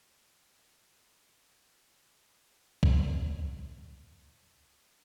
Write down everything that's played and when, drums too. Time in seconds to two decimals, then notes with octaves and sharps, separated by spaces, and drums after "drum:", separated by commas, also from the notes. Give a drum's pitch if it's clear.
0.10 D3 C#4 D#4 E4 F#4
1.00 A#4
1.39 F4 G#5
2.83 drum: kick
3.51 E3 C4 A#5 C6 D#6
3.83 D4 C#5
4.14 E2 G2
4.45 G2 A3 G#5 B5